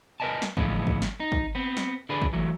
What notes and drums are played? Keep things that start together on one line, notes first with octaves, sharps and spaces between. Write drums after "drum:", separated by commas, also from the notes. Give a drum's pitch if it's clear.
A#4 B4 D5 D#5 G#5 A5
drum: snare
A2 D3 E3 F3 G#3 B3, drum: kick
drum: kick
drum: snare
D#4
drum: kick
B3 C4
drum: snare
D3 D4 G#4 B4
drum: kick
E3 F#3 A3